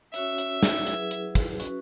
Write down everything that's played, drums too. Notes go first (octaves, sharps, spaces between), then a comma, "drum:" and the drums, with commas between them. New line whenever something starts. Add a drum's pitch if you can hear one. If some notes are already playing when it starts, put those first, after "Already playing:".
C#4 F#4 C#5 E5, drum: hi-hat
drum: hi-hat
drum: snare
F#3 E4 G#4 B4, drum: hi-hat
drum: hi-hat
drum: kick, hi-hat
C#4 F#4 B4, drum: hi-hat